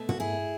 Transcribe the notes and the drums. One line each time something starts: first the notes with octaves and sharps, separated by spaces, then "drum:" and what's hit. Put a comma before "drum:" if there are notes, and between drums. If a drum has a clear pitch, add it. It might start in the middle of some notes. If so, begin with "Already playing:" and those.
Already playing: B2 A3
F#4, drum: tom
E4 G#4